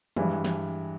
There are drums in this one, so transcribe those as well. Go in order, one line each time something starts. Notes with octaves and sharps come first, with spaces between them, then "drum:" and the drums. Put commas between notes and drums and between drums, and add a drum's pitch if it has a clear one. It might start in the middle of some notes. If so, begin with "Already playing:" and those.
G2 E3 G#3, drum: tom E3
drum: snare